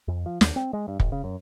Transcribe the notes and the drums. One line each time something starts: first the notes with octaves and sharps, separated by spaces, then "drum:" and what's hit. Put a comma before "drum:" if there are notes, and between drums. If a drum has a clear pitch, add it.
F2
F3
D#2, drum: snare
C4
G#3
G2
G#1, drum: kick
C#3
F#2